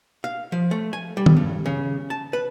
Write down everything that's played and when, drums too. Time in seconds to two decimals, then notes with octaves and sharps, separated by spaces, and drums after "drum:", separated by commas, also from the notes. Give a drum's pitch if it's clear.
0.24 F5
0.52 F3
0.71 A3
0.93 G#5
1.17 G3
1.26 drum: tom D#3
1.37 G2
1.66 C#3
2.10 A5
2.33 B4